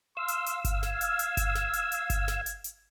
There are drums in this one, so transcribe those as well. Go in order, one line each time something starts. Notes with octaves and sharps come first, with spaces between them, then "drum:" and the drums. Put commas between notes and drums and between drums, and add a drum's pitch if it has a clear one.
F5 C6 E6
drum: hi-hat
drum: hi-hat
drum: kick G1, hi-hat
G#6, drum: snare
drum: hi-hat
drum: hi-hat
drum: kick G1, hi-hat
drum: snare
drum: hi-hat
drum: hi-hat
drum: kick G1, hi-hat
drum: snare
drum: hi-hat
drum: hi-hat